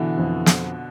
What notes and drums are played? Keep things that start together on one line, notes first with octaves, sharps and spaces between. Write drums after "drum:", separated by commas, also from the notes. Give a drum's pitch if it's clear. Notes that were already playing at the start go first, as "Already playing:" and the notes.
Already playing: B2 D3 E3
F2
drum: snare